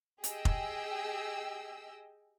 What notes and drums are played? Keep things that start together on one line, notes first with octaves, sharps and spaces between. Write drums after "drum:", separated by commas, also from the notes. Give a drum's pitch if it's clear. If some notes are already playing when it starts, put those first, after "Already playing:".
G4 G#4 D#5 G5 E6, drum: hi-hat
drum: kick F1